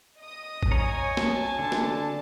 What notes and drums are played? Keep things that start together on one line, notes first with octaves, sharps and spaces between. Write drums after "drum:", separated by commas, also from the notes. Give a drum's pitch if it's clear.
D#5 D#6
drum: kick A#1
C#5 G#5 A#5
A5, drum: snare
D3
drum: snare